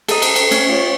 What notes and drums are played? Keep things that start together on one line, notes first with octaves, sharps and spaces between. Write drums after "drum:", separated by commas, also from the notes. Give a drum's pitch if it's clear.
A4 A#4 D#5, drum: cymbal
drum: cymbal
drum: cymbal
C#4, drum: cymbal
F4 C#5